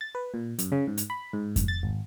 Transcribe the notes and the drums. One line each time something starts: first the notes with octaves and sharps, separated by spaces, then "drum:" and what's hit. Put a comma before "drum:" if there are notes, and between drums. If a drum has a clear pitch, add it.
A6
B4
A#2
F#2, drum: hi-hat
C#3
G#2
drum: hi-hat
B5
G#2
drum: kick F2, hi-hat
A6
G#1